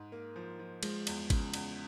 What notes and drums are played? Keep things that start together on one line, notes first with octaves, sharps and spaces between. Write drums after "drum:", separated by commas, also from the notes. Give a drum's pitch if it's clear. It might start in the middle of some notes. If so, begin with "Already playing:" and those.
Already playing: G#2
A#3
F3
F3
F3 G#3, drum: cymbal
E2, drum: cymbal
C#3, drum: kick G#1, cymbal
E2, drum: cymbal